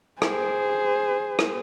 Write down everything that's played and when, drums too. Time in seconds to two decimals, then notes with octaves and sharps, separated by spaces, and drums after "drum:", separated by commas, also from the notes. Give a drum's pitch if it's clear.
0.22 G#4 C5, drum: rim click
1.39 drum: rim click